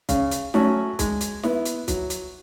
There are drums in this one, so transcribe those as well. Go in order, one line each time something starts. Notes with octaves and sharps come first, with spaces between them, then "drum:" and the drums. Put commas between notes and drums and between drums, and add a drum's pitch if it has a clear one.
C#3, drum: kick, hi-hat
drum: hi-hat
F#3 A3 C#4 F#4, drum: snare
G#3, drum: kick, hi-hat
drum: hi-hat
B3 E4, drum: snare
drum: hi-hat
F#3, drum: kick, hi-hat
drum: hi-hat